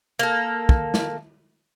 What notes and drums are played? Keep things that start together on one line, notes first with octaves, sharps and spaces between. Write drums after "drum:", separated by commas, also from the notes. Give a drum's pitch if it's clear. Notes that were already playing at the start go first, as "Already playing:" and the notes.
A#3 A4
drum: kick
drum: snare